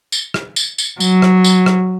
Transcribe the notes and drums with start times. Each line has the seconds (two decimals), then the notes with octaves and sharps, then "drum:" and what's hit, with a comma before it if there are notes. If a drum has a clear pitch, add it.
0.12 drum: tambourine
0.34 drum: rim click
0.56 drum: tambourine
0.78 drum: tambourine
1.00 F#3, drum: tambourine
1.22 drum: rim click
1.44 drum: tambourine
1.66 drum: rim click